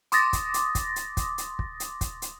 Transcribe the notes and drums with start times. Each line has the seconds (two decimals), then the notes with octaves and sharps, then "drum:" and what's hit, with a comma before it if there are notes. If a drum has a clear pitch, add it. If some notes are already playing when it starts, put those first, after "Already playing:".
0.12 C6 D6 D#6 A6 A#6, drum: hi-hat
0.33 drum: kick, hi-hat
0.54 drum: hi-hat
0.75 drum: kick, hi-hat
0.96 drum: hi-hat
1.17 drum: kick, hi-hat
1.38 drum: hi-hat
1.59 drum: kick
1.80 drum: hi-hat
2.01 drum: kick, hi-hat
2.22 drum: hi-hat